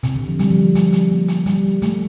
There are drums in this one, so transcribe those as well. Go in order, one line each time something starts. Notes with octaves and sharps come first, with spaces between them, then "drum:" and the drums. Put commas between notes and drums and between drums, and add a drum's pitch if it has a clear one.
C3, drum: hi-hat
D3
F3
G3, drum: hi-hat
F3
G3, drum: hi-hat
drum: hi-hat
A#3
drum: hi-hat
G3, drum: hi-hat
A3, drum: hi-hat